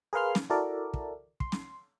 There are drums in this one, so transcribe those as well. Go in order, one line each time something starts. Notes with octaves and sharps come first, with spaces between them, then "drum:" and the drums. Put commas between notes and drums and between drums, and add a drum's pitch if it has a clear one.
G#4 A#4 B4 F5 C6 F6
drum: snare
E4 F#4 A4 A#4 D5
drum: kick
C6, drum: kick
drum: snare